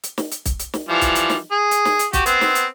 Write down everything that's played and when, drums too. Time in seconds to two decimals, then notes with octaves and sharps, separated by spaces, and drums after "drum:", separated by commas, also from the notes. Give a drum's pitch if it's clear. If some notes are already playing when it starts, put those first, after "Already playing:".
0.04 drum: hi-hat
0.18 drum: snare
0.32 drum: hi-hat
0.46 drum: kick, hi-hat
0.60 drum: hi-hat
0.74 drum: snare
0.89 E3 F3 G3
1.01 drum: kick, hi-hat
1.15 drum: hi-hat
1.29 drum: snare
1.52 G#4
1.71 drum: hi-hat
1.85 drum: snare
1.99 drum: hi-hat
2.13 F#4 G4, drum: kick, hi-hat
2.26 B3 C4, drum: hi-hat
2.41 drum: snare
2.55 drum: hi-hat